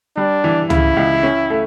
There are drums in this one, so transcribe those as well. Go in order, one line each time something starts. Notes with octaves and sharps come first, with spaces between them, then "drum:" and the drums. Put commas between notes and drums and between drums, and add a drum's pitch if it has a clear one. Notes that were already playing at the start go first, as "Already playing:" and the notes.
G3 D4
E3
C#3 E4, drum: tom
C#2
C#4
A3